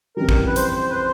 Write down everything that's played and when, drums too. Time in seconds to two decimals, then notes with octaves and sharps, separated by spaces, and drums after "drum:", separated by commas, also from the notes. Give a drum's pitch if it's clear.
0.17 F2 C#3 E3 G3 A#4
0.29 drum: kick
0.46 B4
0.56 C5, drum: hi-hat
0.75 C5
0.89 B4
0.95 C5